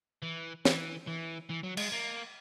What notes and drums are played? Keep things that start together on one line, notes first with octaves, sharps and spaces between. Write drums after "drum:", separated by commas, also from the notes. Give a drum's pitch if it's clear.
E3
E3, drum: snare
E3
E3
F#3
G#3, drum: cymbal
A#3